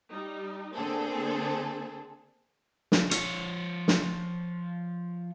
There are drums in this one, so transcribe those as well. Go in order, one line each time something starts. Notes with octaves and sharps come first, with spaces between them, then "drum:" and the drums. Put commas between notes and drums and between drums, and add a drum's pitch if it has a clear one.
G3 D#4
D3 A#3 C4 G#4 A4
drum: snare
F3 C#5, drum: hi-hat
drum: snare